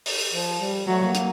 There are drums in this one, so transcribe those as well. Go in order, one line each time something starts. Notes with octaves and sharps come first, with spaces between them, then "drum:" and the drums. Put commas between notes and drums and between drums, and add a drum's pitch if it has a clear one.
drum: open hi-hat
F3
G3
F#3 A3
A#3
A#3, drum: hi-hat